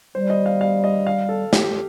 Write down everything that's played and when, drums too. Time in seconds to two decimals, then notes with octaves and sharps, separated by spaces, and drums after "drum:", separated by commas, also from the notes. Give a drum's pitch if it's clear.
0.15 G3 C5
0.30 D#5
0.46 F5
0.61 F5
0.84 D#5
1.07 F5
1.29 A4
1.53 G4, drum: snare